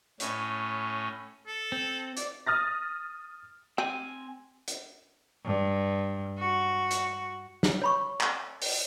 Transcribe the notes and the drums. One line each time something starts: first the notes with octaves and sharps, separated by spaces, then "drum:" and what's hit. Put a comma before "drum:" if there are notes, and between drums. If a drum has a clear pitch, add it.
A2 C#4, drum: hi-hat
A4
C4
D5, drum: hi-hat
D#6 F6 A6 A#6
C4 G4 G#5
drum: hi-hat
G2
F#4
drum: hi-hat
drum: snare
C#5 B5 C#6
drum: clap
drum: open hi-hat